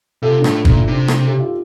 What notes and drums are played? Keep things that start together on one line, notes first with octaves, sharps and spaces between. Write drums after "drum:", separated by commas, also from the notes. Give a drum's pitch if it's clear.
C3 F4 A4
D4
A2, drum: rim click
A#2, drum: kick
E4
C3 D4
drum: rim click
G4
F4